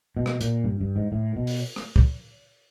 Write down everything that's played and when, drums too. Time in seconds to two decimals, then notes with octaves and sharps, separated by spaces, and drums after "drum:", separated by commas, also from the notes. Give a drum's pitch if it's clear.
0.17 B2
0.26 drum: rim click
0.41 A#2, drum: hi-hat
0.64 G2
0.80 G2
0.96 G#2
1.12 A2
1.36 B2
1.47 drum: open hi-hat
1.76 drum: rim click
1.96 drum: kick